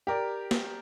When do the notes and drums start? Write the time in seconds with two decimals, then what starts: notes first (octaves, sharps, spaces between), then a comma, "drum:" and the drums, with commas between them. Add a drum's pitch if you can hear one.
0.07 G4 A#4 D5
0.51 drum: snare